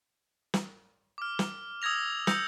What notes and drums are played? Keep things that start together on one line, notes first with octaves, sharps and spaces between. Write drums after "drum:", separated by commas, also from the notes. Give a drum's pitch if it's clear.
drum: snare
D6 F6
drum: snare
D#6 E6 G#6 A#6 F7
D#6 E6 G6 A#6 C#7, drum: snare